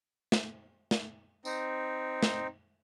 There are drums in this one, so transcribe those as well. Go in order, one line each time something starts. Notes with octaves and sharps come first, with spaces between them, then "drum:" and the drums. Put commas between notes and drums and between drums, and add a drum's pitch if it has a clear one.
drum: snare
drum: snare
C4 D#4, drum: tambourine
drum: snare